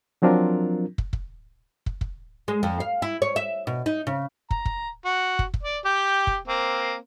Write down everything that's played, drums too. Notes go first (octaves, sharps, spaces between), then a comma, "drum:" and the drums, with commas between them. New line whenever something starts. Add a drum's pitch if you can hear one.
F3 F#3 C4 D4 F4 A#4
drum: kick
drum: kick
drum: kick
drum: kick
G#3
F2
F5
E4
C#5
E5
B2
D#4
C#3
A#5, drum: kick
drum: kick
F#4
drum: kick
drum: kick
D5
G4 G5
drum: kick
A#3 C4